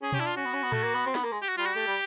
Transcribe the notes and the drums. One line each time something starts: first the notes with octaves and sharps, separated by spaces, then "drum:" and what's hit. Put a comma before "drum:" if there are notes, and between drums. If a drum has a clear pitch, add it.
C#4 G#4
C#4 G4, drum: tom B2
D4 E4
F4
C#4 F#4
B3
C#4
B3
A3, drum: tom A2
A#3
B3
C4
B3, drum: snare
A#3
G#3
G4
F#4
G3 F4
F#4
A3 G4
G3